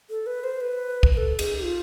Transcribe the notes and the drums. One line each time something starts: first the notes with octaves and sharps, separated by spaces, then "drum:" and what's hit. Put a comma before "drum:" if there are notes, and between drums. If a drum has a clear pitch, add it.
A4
B4
C5
B4
drum: kick
B4
A4
G#4, drum: cymbal
F4